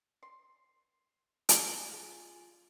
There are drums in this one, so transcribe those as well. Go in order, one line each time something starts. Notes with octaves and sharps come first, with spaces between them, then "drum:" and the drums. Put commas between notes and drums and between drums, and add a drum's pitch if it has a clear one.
C6
drum: hi-hat
G#5
F4 G#4